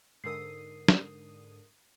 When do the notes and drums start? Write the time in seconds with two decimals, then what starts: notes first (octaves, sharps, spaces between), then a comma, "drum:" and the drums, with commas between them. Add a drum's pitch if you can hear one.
0.24 G#2 D3 A#4 D#6 C7
0.88 drum: snare